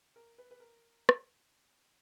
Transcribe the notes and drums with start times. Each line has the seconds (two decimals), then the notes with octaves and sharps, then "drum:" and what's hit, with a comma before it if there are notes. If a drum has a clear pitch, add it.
0.16 A#4
0.38 B4
0.51 B4
0.60 A#4
1.09 drum: rim click